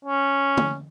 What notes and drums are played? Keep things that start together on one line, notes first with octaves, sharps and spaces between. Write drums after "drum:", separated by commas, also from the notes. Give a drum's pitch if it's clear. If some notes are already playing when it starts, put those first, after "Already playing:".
C#4
drum: tom